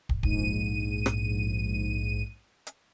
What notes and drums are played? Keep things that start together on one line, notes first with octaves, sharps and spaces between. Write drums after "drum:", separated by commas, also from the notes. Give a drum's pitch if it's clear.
drum: kick
A#1 G#2 D#7, drum: kick
drum: rim click
drum: hi-hat